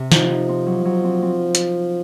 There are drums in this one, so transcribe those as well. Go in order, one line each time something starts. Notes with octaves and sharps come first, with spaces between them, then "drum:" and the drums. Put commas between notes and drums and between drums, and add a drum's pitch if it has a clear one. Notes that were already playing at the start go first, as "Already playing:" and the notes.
Already playing: C3
F3 D#4, drum: snare
D#4
C4
F#3
F#3
C4
C4
drum: hi-hat